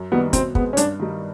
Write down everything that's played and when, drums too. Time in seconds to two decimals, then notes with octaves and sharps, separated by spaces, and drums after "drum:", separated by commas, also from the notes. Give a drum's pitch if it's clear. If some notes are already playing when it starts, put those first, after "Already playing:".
Already playing: F#2
0.12 D#3 G3 A#3 B3
0.33 B2 C4, drum: kick, hi-hat
0.55 G#3 B3 C4, drum: kick
0.73 C#4
0.77 G2 D4, drum: hi-hat
1.00 D#3 G3